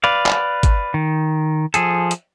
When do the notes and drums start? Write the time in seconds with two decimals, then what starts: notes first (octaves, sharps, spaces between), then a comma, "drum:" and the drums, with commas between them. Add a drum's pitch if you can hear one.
0.04 B4 D5 F5
0.26 drum: clap
0.63 drum: kick, hi-hat
0.94 D#3
1.74 F3 G#4 A4, drum: hi-hat
2.11 drum: hi-hat